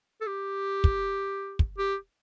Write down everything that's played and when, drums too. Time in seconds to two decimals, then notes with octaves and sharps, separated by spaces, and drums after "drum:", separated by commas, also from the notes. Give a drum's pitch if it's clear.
0.21 A4
0.27 G4
0.84 drum: kick
1.59 drum: kick
1.78 G4